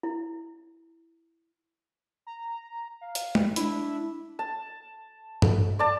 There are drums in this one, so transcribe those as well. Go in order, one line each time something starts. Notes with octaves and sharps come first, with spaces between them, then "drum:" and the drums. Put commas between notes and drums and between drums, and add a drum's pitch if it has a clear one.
E4
A#5
F5
drum: hi-hat
drum: tom G#3
D4 E4, drum: hi-hat
A5
drum: tom G2
D5 A5